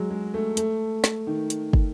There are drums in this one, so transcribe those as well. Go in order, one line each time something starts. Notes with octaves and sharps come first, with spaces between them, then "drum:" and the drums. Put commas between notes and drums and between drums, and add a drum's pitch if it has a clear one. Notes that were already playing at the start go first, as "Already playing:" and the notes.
Already playing: F#3 G#3
G#3
A3
A3, drum: hi-hat
drum: snare
D#3
drum: hi-hat
drum: kick